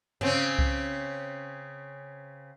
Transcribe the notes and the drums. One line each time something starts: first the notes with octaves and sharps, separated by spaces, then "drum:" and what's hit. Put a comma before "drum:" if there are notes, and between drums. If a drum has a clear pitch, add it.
C#3 C4 C#4, drum: tom
drum: kick C2